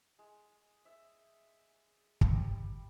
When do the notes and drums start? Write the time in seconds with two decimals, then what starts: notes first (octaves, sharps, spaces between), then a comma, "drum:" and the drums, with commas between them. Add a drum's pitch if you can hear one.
0.19 G#3
0.85 E5
2.21 drum: kick
2.31 G3